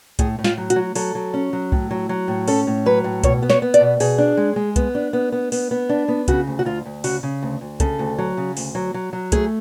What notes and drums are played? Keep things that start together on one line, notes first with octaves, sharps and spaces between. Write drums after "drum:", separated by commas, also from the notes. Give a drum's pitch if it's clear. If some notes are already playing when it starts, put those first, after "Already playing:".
A2 G#4, drum: kick, hi-hat
A2
F4, drum: snare
F#3
F#4, drum: hi-hat
F#3
F#3 A4, drum: open hi-hat
F#3
C#4
F#3
A2, drum: kick
F#3
F#3
A2
C#4 A4, drum: open hi-hat
A2
F#3 B4
A2
B2 C#5, drum: kick, hi-hat
B3
C#5, drum: snare
B3
D5, drum: hi-hat
B2
B2 G#4, drum: open hi-hat
D4
G#3
G#3
B3, drum: kick, hi-hat
D4
B3
B3
B3, drum: open hi-hat
B3
D4
B3
C#3 F#4, drum: kick, hi-hat
D2
F#4
D2 F4
D2
C#3 F#4, drum: open hi-hat
C#3
D2
D2
C#3 A4, drum: kick, hi-hat
D2
F#3
C#3
D2, drum: open hi-hat
F#3
F#3
F#3
A3 G#4, drum: kick, hi-hat